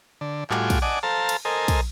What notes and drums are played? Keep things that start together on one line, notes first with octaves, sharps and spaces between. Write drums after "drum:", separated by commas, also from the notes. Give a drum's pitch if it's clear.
D3
A2 G3 F4 F#4 G#5 D6, drum: clap
drum: kick, cymbal
D5 D#5 F#5 G#5 A5 D6
A4 C5 F5 A5 A#5
drum: cymbal
A4 A#4 C5 D#5 G#5
drum: kick, cymbal